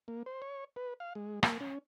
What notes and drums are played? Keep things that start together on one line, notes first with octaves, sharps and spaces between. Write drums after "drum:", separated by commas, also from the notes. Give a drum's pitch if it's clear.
A#3
C5
C#5
B4
F5
G#3
A#3, drum: rim click
C#4